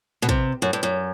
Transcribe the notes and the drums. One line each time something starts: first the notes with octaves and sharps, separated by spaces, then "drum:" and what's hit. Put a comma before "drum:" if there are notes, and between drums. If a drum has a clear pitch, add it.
B2
C3, drum: kick
F#2
G2
F#2